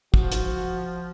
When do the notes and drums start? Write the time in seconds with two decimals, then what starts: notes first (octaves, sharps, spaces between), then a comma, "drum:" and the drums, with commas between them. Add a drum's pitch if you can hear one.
0.14 F3 F#4, drum: kick
0.32 drum: hi-hat